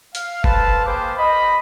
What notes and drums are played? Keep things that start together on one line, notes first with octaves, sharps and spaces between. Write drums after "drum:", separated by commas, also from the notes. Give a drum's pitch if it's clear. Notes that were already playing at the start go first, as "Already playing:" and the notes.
F5, drum: hi-hat
A4 B4 C5 F5 A5, drum: kick F#1
A#3 G#4 B4 C5 G5 D6
D#5 B5